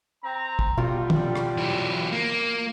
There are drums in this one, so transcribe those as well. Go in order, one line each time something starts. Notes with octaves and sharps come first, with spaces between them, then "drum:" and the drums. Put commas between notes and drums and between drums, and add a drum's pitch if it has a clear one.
C4 A#5
drum: kick
B2 D3 G3 F4
drum: tom
drum: rim click
E3 F#3
A#3